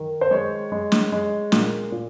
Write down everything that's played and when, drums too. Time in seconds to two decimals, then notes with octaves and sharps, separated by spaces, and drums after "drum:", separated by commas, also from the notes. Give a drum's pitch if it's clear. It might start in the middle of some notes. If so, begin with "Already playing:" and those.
Already playing: D#3
0.21 C5
0.31 G#3 C#5
0.72 G#3
0.92 drum: snare
1.12 G#3
1.52 A#2, drum: snare
1.92 A#2